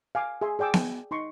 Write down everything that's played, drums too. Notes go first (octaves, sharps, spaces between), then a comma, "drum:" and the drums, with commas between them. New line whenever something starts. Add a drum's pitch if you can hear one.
F5 G#5 D6
G#4 E5 G#5 C6
G#4 D5 G5 D6 E6
drum: snare B3
D#4 C6 C#6